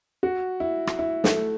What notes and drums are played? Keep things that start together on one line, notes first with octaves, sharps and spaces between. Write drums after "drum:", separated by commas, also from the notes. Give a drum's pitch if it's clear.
F#4
E4
drum: rim click
E4
A3, drum: snare